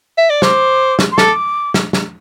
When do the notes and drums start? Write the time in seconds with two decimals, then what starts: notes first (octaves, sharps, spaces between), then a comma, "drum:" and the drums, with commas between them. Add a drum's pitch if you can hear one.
0.18 E5
0.30 D5
0.42 C5 D6, drum: snare
0.99 drum: snare
1.12 C6
1.18 A4 D6, drum: snare
1.74 drum: snare
1.93 drum: snare